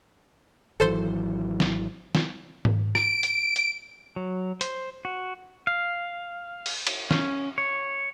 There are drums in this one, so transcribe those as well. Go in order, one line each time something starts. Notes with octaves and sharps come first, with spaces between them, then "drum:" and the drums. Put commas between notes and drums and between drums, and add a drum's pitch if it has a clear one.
G#1 E3 F#3 A4 C5 C6
drum: snare
drum: snare
drum: tom G#2
D7, drum: rim click
drum: hi-hat
drum: hi-hat
F#3
C5, drum: hi-hat
F#4
F5
drum: open hi-hat
drum: cymbal
C#4, drum: snare
C#5